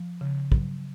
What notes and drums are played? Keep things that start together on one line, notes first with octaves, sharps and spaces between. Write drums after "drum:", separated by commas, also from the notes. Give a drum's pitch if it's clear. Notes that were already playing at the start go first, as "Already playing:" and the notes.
Already playing: F3
C#3
F#3, drum: kick